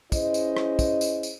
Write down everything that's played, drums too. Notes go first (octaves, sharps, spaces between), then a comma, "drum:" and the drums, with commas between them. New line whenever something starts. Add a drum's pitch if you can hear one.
C#4 E4 G#4 C5 D#5, drum: kick, tambourine
drum: tambourine
drum: rim click
drum: kick, tambourine
drum: tambourine
drum: tambourine